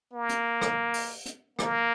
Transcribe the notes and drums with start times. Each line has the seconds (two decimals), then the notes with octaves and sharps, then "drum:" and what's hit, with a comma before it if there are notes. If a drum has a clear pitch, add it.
0.13 A#3
0.29 drum: hi-hat
0.61 drum: rim click
0.94 drum: open hi-hat
1.26 drum: hi-hat
1.59 A#3, drum: rim click